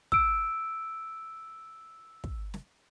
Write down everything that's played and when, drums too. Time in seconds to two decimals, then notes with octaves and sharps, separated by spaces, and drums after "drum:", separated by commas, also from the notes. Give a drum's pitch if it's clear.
0.12 E6 D7, drum: kick
2.24 drum: kick
2.54 drum: snare